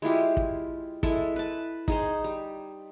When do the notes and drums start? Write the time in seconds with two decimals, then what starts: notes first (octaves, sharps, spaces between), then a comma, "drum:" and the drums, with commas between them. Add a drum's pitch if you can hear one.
0.02 G#3 E4 F4 G4
0.37 drum: kick
1.03 G#3 E4 A4 E5, drum: kick
1.36 B4 A5
1.88 D#4 G#4 C5, drum: kick
2.24 G3